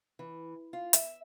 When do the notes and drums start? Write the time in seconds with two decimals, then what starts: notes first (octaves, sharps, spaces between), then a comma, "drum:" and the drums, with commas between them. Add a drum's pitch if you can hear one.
0.19 E3
0.73 F4
0.93 E5, drum: hi-hat